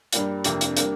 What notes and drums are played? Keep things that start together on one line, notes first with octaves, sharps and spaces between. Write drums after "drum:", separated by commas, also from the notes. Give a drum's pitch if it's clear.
G2 G3 A#3, drum: hi-hat
F2 C3 A#3 D4, drum: hi-hat
drum: hi-hat
G3 A#3 D4 A#4, drum: hi-hat